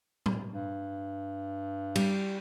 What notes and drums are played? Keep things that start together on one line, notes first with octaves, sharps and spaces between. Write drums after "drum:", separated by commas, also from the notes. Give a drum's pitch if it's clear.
drum: tom
G2
G3, drum: cymbal